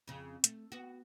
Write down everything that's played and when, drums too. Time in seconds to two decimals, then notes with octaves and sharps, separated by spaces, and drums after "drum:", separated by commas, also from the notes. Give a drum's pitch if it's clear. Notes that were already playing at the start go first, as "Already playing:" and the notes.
0.08 F2 C#3
0.44 A3, drum: hi-hat
0.72 B3 F#4